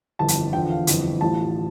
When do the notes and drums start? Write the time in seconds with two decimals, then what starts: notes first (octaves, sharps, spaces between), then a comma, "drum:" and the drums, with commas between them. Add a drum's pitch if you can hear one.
0.19 G1 F2 E3 A5
0.28 drum: hi-hat
0.53 E2 D3 F3 G5
0.70 F5
0.87 G1 F2 E3, drum: hi-hat
1.21 A1 A2 F3 A5